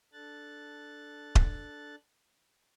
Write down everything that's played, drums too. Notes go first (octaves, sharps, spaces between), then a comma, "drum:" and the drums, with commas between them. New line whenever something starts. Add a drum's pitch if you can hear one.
D4 A4 F#6 A6
drum: kick D#1